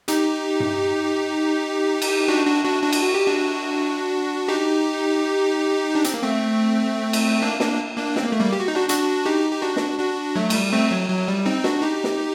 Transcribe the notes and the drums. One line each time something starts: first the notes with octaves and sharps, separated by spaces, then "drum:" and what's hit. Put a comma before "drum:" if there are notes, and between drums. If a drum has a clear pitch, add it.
D#4 G4, drum: hi-hat
drum: tom G2
drum: cymbal
D4 F#4
D4 F#4
D4 F#4
D4 F#4
drum: cymbal
F#4
G4
D4 F#4
D#4 G4
D4
C4, drum: hi-hat
A#3
A3 C4
drum: cymbal
A#3 D4
A#3 D4, drum: snare
A#3 D4
C4, drum: snare
A#3
A3
G3 A#3
G4
F#4
D#4
D4 F#4
D4 F#4, drum: hi-hat
D#4 G4
G4
D4 F#4
drum: snare
D4 F#4
F#3 A3
A3, drum: cymbal
G3
A3 C4
F#3
F#3
G3
C4 D#4
D4 F#4, drum: snare
D#4 G4
drum: snare